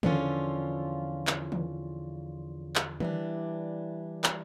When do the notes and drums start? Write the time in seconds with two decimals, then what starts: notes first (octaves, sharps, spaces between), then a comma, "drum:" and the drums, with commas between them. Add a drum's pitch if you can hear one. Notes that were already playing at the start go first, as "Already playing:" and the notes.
0.03 E2 D3 F3 C#4 F4, drum: tom
1.27 drum: clap
1.52 drum: tom
2.76 drum: clap
3.00 E3 G3 D4, drum: tom
4.24 drum: clap